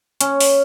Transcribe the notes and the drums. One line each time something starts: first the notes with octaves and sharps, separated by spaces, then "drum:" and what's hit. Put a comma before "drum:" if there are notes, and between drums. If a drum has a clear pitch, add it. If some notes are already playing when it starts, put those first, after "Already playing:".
C#4, drum: hi-hat
drum: open hi-hat